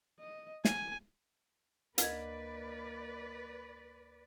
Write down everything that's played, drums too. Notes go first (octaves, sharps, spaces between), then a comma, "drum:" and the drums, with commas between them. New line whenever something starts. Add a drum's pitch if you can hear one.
D#5
G#5, drum: snare
D2 A#3 A#4 B4 D5 D#5 G#6, drum: hi-hat